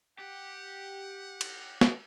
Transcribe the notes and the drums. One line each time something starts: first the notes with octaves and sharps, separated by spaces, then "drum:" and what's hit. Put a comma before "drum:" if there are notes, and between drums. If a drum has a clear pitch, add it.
G4 F#5
drum: cymbal
drum: snare